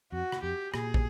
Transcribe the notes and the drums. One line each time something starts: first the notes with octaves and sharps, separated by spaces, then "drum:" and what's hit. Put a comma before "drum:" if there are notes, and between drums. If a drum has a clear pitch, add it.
F2 F#4
drum: rim click
F2 G4
A#2 G#4, drum: rim click
drum: kick